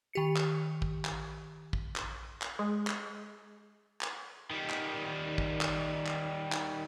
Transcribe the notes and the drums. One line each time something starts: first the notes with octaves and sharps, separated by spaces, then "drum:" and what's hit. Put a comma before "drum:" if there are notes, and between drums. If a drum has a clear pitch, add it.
D#3 G4 C#7
drum: clap
drum: kick
drum: clap
drum: kick
drum: clap
drum: clap
G#3
drum: clap
drum: clap
D#3 G3
drum: clap
drum: kick
drum: clap
drum: clap
drum: clap